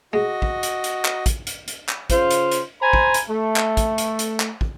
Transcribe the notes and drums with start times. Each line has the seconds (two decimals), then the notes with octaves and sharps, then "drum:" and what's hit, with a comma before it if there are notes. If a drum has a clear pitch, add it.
0.13 G#3 F#4 D#5
0.42 drum: kick
0.63 drum: hi-hat
0.84 drum: hi-hat
1.05 drum: clap
1.26 drum: kick, hi-hat
1.47 drum: hi-hat
1.68 drum: hi-hat
1.89 drum: clap
2.10 C#3 F4 C5, drum: kick, hi-hat
2.31 drum: hi-hat
2.52 drum: hi-hat
2.81 C5 G#5 A#5 B5
2.93 drum: kick
3.14 drum: hi-hat
3.29 A3
3.56 drum: clap
3.77 drum: kick, hi-hat
3.98 drum: hi-hat
4.19 drum: hi-hat
4.40 drum: clap
4.61 drum: kick